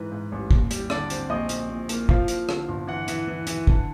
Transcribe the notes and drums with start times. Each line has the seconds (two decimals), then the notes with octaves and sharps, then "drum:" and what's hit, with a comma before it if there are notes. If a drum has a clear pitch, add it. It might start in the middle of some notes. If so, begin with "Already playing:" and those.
Already playing: G#2 E3 B4
0.12 G#2
0.32 A1
0.51 D#2, drum: kick
0.71 G3, drum: hi-hat
0.90 D3 D5, drum: rim click
1.10 C4, drum: hi-hat
1.29 A#1 D#5
1.49 A#2, drum: hi-hat
1.69 A#2
1.89 A#3, drum: hi-hat
2.09 F3 F5, drum: kick
2.28 F3, drum: hi-hat
2.49 D3, drum: rim click
2.68 G1
2.87 E3 F#5
3.08 E3, drum: hi-hat
3.27 E3
3.47 E3, drum: hi-hat
3.67 D3, drum: kick